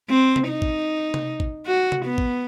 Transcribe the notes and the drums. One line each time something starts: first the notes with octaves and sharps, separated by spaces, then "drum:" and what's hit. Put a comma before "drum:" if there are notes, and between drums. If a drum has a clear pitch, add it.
C4
drum: tom C3
D#4
drum: kick
drum: tom C3
drum: kick
F#4
drum: tom C3
B3
drum: kick